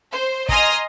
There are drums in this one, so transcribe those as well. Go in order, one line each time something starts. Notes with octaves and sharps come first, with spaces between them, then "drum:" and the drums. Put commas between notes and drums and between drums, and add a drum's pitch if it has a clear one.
C5
D#5 G#5 A#5 C6 D#6 F6, drum: kick